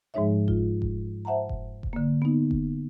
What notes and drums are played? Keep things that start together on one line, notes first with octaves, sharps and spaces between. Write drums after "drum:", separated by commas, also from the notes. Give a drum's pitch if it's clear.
G#2 F3 G#3 D#4 C#5 E5
F4, drum: kick F1
drum: kick F1
C5 E5 F#5 A5 A#5
drum: kick F1
drum: kick F1
D3 A#3
B3 D#4
drum: kick F1